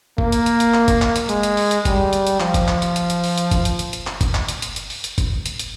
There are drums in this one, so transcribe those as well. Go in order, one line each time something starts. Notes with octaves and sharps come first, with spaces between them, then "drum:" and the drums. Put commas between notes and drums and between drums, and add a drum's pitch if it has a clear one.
A#3, drum: kick
drum: hi-hat
drum: hi-hat
drum: hi-hat
drum: clap
drum: kick, hi-hat
drum: clap
drum: hi-hat
G#3, drum: hi-hat
drum: hi-hat
drum: open hi-hat
drum: hi-hat
G3, drum: kick, hi-hat
drum: hi-hat
drum: hi-hat
F3, drum: clap
drum: kick, hi-hat
drum: clap
drum: hi-hat
drum: hi-hat
drum: hi-hat
drum: open hi-hat
drum: hi-hat
drum: kick, hi-hat
drum: hi-hat
drum: hi-hat
drum: hi-hat
drum: clap
drum: kick, hi-hat
drum: clap
drum: hi-hat
drum: hi-hat
drum: hi-hat
drum: open hi-hat
drum: hi-hat
drum: kick, hi-hat
drum: hi-hat
drum: hi-hat